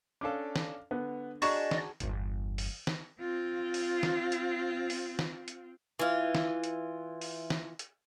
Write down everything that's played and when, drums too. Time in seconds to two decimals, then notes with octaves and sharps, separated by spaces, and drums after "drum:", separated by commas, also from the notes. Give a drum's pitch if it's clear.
0.21 C#4 D4 A4 F5 D6
0.56 drum: snare
0.91 D3 B3
1.42 D4 F#4 G#4 D5 D#5 A5 A#5 C#6, drum: open hi-hat
1.71 drum: snare
2.00 G1 E2, drum: hi-hat
2.58 drum: open hi-hat
2.87 drum: snare
3.20 C4 F4
3.74 drum: open hi-hat
4.03 drum: snare
4.32 drum: hi-hat
4.90 drum: open hi-hat
5.19 drum: snare
5.48 drum: hi-hat
5.99 E3 F4
6.35 drum: snare
6.64 drum: hi-hat
7.21 drum: open hi-hat
7.50 drum: snare
7.79 drum: hi-hat